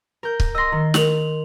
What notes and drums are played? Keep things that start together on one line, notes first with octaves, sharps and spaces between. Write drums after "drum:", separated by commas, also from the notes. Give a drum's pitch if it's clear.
A#4 G6
drum: kick C#1
D#5 C6 E6 A#6
D#3 A#5
A#4 F7 F#7, drum: snare